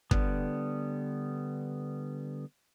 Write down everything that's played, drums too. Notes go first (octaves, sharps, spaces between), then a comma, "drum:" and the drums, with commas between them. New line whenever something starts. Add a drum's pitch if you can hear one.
D3 G3 B3, drum: kick